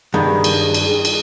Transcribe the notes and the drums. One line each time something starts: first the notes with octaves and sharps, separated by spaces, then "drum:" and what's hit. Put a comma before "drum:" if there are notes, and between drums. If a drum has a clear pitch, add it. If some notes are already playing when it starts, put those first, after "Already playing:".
G2 D#3 G#4
drum: cymbal
drum: cymbal
drum: cymbal